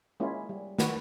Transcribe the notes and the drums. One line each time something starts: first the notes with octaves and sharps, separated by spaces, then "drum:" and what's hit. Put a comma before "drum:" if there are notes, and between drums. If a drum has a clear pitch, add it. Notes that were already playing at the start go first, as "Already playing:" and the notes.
G#3 A#3 C#4 E4 F4
G3
D#3 F#4 B4, drum: snare